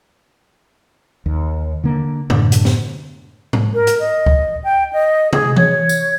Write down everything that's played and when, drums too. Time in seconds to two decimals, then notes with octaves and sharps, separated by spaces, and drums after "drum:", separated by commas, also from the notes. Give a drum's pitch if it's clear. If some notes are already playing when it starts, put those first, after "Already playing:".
1.26 D#2
1.84 D3 A#3
2.30 F#2 A2 D3, drum: tom C3
2.52 drum: hi-hat
2.65 drum: snare
3.53 drum: tom G#2
3.74 A#4
3.87 drum: hi-hat
4.00 D#5
4.26 drum: kick C#2
4.64 G5
4.93 D#5
5.33 G#4, drum: tom C3
5.56 C#5, drum: tom E3
5.89 drum: tambourine